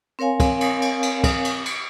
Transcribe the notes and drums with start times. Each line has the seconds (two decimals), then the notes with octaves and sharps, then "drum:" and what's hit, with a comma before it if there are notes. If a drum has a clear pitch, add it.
0.19 C4 A#4 C#5 F5 G#5
0.40 drum: kick, cymbal
0.61 drum: cymbal
0.82 drum: cymbal
1.03 drum: cymbal
1.24 drum: kick, cymbal
1.45 drum: cymbal
1.66 drum: cymbal